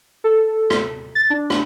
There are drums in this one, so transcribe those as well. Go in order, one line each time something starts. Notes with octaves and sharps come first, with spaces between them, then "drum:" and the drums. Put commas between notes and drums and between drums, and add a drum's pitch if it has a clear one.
A4
drum: rim click
A6
D4
drum: rim click